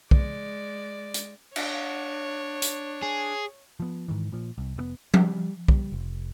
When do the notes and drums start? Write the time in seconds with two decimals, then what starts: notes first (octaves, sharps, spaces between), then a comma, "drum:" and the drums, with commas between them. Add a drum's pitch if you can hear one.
0.11 G#3 D5, drum: kick
1.14 drum: hi-hat
1.56 D4 C#5, drum: cymbal
2.62 drum: hi-hat
3.03 G#4
3.80 F3 B3
4.08 G#2 D#3 E3
4.32 A#2 F3
4.58 C2
4.76 F1 C3 B3
5.14 G3, drum: tom F3
5.68 G3, drum: kick
5.92 F1